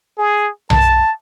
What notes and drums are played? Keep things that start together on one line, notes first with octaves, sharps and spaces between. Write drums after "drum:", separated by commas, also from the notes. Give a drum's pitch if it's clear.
G#4
A5, drum: tom B1